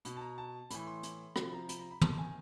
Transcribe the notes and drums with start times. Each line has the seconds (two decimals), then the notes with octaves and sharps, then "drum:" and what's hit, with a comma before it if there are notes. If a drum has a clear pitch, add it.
0.05 B2 B5, drum: hi-hat
0.16 A5
0.21 A#5
0.38 A5
0.70 A2 E3 B5, drum: hi-hat
0.87 C6
1.03 drum: hi-hat
1.36 C3 F3 B5, drum: rim click
1.53 A#5
1.69 B5, drum: hi-hat
1.79 A#5
1.91 B5
2.01 C3 D#3 A5, drum: tom
2.18 G#5